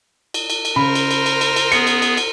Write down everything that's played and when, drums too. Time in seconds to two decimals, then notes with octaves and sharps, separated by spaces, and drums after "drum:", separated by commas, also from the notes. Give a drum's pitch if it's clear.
0.34 drum: cymbal
0.50 drum: cymbal
0.65 drum: cymbal
0.76 C#3 A#4 C5 B5
0.95 drum: cymbal
1.11 drum: cymbal
1.26 drum: cymbal
1.41 drum: cymbal
1.56 drum: cymbal
1.72 B3 G#4 C#7, drum: cymbal
1.87 drum: cymbal
2.02 drum: cymbal
2.17 drum: cymbal